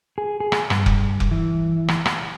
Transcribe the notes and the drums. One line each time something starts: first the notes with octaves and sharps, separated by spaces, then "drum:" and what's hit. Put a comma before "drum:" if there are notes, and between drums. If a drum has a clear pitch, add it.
G#4
G#4
drum: rim click
G2, drum: rim click
drum: kick F1
drum: kick F1
E3
drum: rim click
drum: rim click